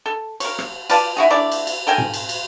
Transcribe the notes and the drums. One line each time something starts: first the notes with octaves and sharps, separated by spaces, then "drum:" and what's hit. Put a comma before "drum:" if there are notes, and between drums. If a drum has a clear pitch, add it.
A4
A#4 C#5, drum: cymbal
drum: rim click
F4 B4 D5 A5, drum: cymbal
E4 F#4 G#4
A3 D4 E4 D5
drum: cymbal
drum: cymbal
A4 A#4 G5 G#5
drum: tom G#2
drum: cymbal
drum: cymbal